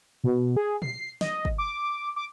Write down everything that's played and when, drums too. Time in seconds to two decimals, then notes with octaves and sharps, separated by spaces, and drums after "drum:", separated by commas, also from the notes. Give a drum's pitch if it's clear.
0.24 B2
0.57 G#4
0.82 C7, drum: tom A#2
1.21 D#5, drum: snare
1.45 drum: kick
1.58 D6
2.16 D6